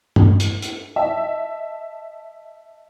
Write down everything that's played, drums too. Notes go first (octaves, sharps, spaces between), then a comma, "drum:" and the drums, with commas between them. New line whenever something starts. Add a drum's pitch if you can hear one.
drum: tom
drum: hi-hat
drum: hi-hat
D#5 E5 A5 E6